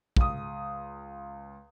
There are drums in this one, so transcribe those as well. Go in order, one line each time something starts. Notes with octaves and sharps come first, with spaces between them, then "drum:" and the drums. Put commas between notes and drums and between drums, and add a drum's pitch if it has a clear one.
C#2 D#6, drum: kick